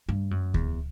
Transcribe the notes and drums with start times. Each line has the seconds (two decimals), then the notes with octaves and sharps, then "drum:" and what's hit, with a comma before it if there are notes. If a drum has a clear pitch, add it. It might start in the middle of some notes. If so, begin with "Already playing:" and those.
0.09 G2
0.31 F#2
0.54 E2, drum: kick D2